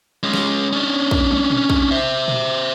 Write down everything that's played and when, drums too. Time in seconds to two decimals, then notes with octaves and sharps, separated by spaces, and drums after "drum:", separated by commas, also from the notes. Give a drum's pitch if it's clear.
0.23 G#3 C#4
0.34 drum: snare
0.72 C#4 D4
1.11 drum: kick
1.31 drum: tom
1.50 drum: tom A#2
1.70 drum: kick
1.91 C5 E5
2.28 drum: tom A#2